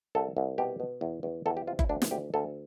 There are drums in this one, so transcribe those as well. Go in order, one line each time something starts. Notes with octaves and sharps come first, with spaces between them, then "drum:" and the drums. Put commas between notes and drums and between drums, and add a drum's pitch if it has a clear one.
C2 A4
C2
B2 G4
B2
E2
E2
E2 A4
G4
C3 F4
E4, drum: kick F#1
D2 D4
drum: snare
D2 G4
D2 A4